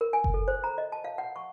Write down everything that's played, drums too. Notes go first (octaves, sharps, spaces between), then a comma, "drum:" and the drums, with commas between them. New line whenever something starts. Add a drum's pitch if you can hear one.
A#4
G#5
drum: kick F#1
A4
C5
A#5
D#5
A5
F5
F#5
C#6